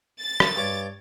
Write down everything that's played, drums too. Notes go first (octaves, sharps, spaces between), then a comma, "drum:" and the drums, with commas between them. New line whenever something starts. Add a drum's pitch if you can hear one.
A6
drum: rim click
G2 C#5 D6